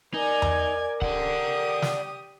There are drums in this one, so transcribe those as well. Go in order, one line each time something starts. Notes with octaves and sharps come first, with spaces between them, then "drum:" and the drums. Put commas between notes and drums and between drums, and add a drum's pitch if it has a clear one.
D#4 A#4 D5 G#5 G#6
drum: tom E2
G4 D5 F#5 D#6, drum: kick C#1
drum: snare